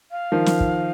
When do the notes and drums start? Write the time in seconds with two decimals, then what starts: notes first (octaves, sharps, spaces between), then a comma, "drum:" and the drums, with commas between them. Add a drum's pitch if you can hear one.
0.11 F5
0.32 D#3 F3
0.46 drum: snare
0.60 drum: kick